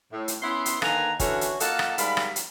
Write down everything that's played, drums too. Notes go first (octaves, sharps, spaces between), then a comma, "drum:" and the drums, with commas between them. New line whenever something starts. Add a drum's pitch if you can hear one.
A2
drum: hi-hat
B3 C#4 E4 C6
drum: hi-hat
D3 D#3 A#3 B4 G#5 A#5, drum: rim click
D3 E3 C#4 F#4, drum: kick, hi-hat
drum: hi-hat
A#3 F4 A4 D#5 F#5 A5, drum: hi-hat
drum: rim click
G#2 G3 A#4 F5 B5, drum: hi-hat
drum: rim click
drum: hi-hat